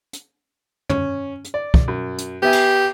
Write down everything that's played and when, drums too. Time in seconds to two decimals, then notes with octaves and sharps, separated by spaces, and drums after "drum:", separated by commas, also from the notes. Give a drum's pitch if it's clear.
0.13 drum: hi-hat
0.89 C#4, drum: tom
1.44 drum: hi-hat
1.54 D5
1.74 drum: kick
1.88 F#2
2.18 drum: hi-hat
2.42 B3 G4 E5 G#5
2.53 drum: cymbal